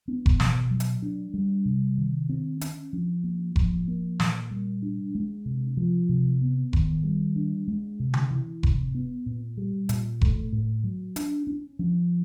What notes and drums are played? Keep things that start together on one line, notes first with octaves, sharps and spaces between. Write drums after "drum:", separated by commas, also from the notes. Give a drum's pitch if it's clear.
B3
drum: kick F1
B2, drum: snare
F#3
drum: hi-hat
D4
G3
C3
D#3
C4
C#4, drum: hi-hat
F3
A#3
F3, drum: kick F1
A#3
A#2, drum: snare
G3
D4
G#3
C3
F3
C3
B3
D#3, drum: kick F1
G3
D4
G#3
C3
drum: tom C#3
E3
C3, drum: kick F1
B3
A#2
G3
A#2, drum: hi-hat
A3, drum: kick F1
A2
F#3
D4, drum: hi-hat
C#4
F3